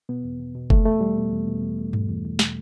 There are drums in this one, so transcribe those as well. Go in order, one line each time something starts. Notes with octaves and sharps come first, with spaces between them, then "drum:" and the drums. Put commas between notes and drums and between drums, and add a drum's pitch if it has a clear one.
B2 B3
E2
B2
B2
B2 A3, drum: kick
E2 A3
E2 G3
B2
E2
B2
E2
E2
B2, drum: tom G2
E2
E2
B2, drum: snare